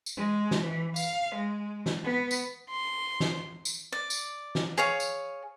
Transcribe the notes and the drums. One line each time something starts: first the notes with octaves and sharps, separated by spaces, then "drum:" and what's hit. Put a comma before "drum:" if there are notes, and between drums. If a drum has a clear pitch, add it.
drum: tambourine
G#3
drum: snare
E3
F5, drum: tambourine
G#3
drum: snare
B3
drum: tambourine
C6
drum: snare
drum: tambourine
D5
drum: tambourine
drum: snare
G#4 C#5 F5
drum: tambourine